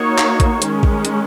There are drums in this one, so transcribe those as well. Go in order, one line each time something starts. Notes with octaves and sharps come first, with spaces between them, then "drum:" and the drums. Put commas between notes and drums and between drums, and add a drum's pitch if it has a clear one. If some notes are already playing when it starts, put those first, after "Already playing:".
Already playing: A#3 D#4 F#4 C#5
drum: clap
drum: kick A1, hi-hat
D#3 G#3 C#4, drum: hi-hat
drum: kick A1
drum: hi-hat